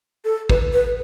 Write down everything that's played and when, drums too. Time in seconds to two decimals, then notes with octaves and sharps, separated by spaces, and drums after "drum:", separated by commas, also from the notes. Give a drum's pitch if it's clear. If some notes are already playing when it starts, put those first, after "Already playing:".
0.25 A4
0.50 B4, drum: kick
0.73 B4